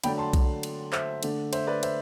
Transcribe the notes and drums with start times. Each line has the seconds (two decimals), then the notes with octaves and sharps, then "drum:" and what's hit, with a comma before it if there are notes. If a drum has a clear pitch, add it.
0.04 D3 F#3 A3 D4 G5 B5, drum: cymbal
0.18 A5 C6
0.33 drum: kick B1, cymbal
0.63 drum: cymbal
0.93 C5 E5, drum: clap
1.23 D3 A3 D4, drum: cymbal
1.53 C5 E5, drum: cymbal
1.67 B4 D5
1.83 C5 E5, drum: cymbal